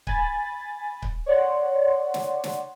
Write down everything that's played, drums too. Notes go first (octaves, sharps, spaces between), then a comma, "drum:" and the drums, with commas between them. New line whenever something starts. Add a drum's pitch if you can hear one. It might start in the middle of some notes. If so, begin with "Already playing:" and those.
G#5 B5 A6, drum: kick C#1
drum: kick C#1
C#5 D5 F#5 C6
drum: snare
drum: snare